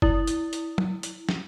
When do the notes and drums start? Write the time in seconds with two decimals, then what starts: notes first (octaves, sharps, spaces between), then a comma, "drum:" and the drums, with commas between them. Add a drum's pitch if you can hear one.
0.02 E4, drum: kick F#1
0.27 drum: hi-hat
0.53 drum: hi-hat
0.78 drum: tom
1.03 drum: hi-hat
1.29 drum: snare